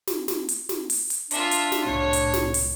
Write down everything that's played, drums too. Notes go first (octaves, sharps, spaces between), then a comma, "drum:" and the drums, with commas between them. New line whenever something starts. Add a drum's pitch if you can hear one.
drum: snare
drum: snare
drum: hi-hat
drum: snare
drum: open hi-hat
drum: hi-hat
D4 F4 E5, drum: hi-hat
drum: hi-hat
drum: snare
C2 A2 C#5
drum: hi-hat
drum: snare
drum: open hi-hat